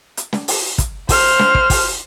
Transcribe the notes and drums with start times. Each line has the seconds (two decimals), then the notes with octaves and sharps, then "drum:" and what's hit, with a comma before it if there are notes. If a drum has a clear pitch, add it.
0.17 drum: hi-hat
0.33 drum: snare
0.48 drum: open hi-hat
0.78 drum: kick, hi-hat
1.09 C5 F6, drum: kick, open hi-hat
1.39 drum: snare
1.55 drum: kick
1.70 drum: kick, open hi-hat